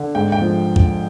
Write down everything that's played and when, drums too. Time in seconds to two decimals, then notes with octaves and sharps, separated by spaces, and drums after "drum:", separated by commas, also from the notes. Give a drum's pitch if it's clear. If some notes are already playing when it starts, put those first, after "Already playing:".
Already playing: D3
0.15 G#2 G5
0.32 G5
0.41 F3
0.76 drum: kick A#1